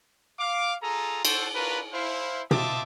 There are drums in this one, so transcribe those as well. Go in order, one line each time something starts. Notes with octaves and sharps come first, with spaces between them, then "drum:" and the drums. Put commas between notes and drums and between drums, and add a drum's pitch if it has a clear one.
F5 D6
F4 G#4 A4 A#5
F#4 A4 C5, drum: cymbal
D4 F4 F#4 A#4 B4
E4 C5 F5
C4 F4 D#5 E5 A5 D6, drum: tom